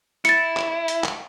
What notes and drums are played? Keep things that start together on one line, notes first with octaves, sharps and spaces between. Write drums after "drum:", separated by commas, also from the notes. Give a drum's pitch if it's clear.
E4 A6 C#7, drum: hi-hat
drum: clap
drum: hi-hat
drum: clap